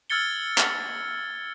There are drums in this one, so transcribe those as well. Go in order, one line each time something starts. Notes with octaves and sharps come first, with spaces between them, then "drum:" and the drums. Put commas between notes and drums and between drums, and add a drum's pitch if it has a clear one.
E6 F6 G#6 A6 C#7 G7
drum: clap